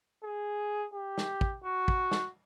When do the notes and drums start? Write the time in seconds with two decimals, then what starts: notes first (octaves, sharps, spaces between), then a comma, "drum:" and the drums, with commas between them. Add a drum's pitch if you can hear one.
0.24 G#4
0.94 G4
1.18 drum: snare
1.41 drum: kick
1.64 F#4
1.88 drum: kick
2.11 drum: snare